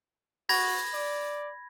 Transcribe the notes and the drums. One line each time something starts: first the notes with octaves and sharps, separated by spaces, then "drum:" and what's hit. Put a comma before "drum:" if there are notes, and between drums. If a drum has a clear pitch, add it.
F#4 B5 G#6 A#6, drum: open hi-hat
D5